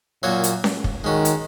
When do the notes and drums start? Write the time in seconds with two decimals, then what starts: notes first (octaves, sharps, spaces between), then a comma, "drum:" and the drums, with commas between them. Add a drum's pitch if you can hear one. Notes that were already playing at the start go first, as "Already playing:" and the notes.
0.23 F#2 A#2 F#3 A#3 F#4 C#5
0.44 drum: hi-hat
0.64 drum: snare C#4
0.84 drum: kick
1.04 D#3 G#3 C#4 F#4
1.25 drum: hi-hat